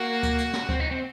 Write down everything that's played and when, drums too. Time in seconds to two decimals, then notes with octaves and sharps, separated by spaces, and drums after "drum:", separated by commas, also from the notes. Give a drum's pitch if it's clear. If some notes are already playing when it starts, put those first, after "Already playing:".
Already playing: A#3 F#4
0.23 drum: kick D2, hi-hat
0.38 drum: hi-hat
0.53 drum: snare
0.69 C4, drum: kick D2
0.80 D#4
0.91 C4